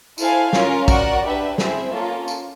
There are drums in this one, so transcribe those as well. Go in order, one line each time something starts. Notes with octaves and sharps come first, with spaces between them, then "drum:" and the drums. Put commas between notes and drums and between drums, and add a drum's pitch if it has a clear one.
E4 A4 C5 F5 G#5, drum: tambourine
C#4 F4 A#4, drum: snare
F#4 A#4 D5 F#5, drum: kick A#1, tambourine
D4 G4 B4 E5
C4 E4 G#4 C5 E5, drum: snare
A#3 C#4 F4 A4
drum: tambourine